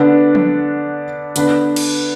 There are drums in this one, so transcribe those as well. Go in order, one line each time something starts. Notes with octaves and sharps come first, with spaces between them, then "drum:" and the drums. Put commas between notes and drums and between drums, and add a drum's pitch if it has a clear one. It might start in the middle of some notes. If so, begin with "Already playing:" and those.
Already playing: D3 B3 D4
drum: tom F3
D3 B3 D4 B4, drum: hi-hat
drum: cymbal